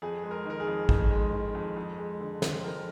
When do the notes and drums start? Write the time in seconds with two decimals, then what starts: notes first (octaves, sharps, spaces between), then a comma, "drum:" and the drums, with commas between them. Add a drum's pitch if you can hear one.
0.02 F2 G#4
0.24 G#3
0.31 A#4
0.45 D#3 A#4
0.60 G#4
0.67 F2
0.89 F2, drum: kick A1
1.11 G#3
1.33 D#3
1.55 F2
1.76 F2
1.98 G#3
2.20 D3
2.42 C4, drum: snare
2.64 F2 A#4